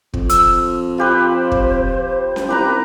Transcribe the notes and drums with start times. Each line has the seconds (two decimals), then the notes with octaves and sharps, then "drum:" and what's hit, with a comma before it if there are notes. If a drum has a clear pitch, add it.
0.14 F2, drum: kick
0.30 E6, drum: hi-hat
0.98 F4 G4 B4 C5
1.51 drum: kick
2.36 drum: snare C#4
2.48 C2 G4 B4 A#5